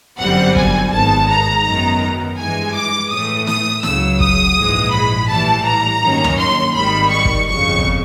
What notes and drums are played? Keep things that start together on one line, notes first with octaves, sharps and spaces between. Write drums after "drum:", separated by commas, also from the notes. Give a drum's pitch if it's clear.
G1 F#2 D3 G3 C4 F#5
G#5, drum: kick
G#1 G#2 D#3 G#3 B3 A5
A#5
F#2 D#3 F#3 B3
G2 E3 G#3 G#5
D6
A2 E3 A3 D#6
D#6, drum: snare
C#2 C#3 F#3 E6, drum: snare
D#6, drum: kick
A#1 G#2 E3 G#3
B5
A2 E3 G3 A5
A#5
G2 D#3 F#3 A#3 C#4
drum: tom D2
C6
G#1 G#2 D#3 G3 B5
C#6
drum: kick
G1 F2 C#3 C#6
drum: kick